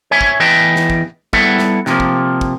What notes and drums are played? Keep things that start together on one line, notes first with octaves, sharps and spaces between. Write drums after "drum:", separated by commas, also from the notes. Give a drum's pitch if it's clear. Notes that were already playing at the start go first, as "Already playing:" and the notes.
C#5 E5 G#5
drum: kick
E2 E3 B4 D#5 G5 A5
drum: snare
drum: kick
G3 B3 E4 A4 E5 F#5, drum: kick
drum: snare
C3 F3 A#3, drum: snare
drum: kick
drum: kick